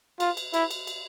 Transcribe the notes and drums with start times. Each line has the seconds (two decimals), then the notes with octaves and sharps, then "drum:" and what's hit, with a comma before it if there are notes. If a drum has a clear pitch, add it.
0.20 F4, drum: cymbal
0.37 drum: cymbal
0.54 E4, drum: cymbal
0.71 drum: cymbal
0.87 drum: cymbal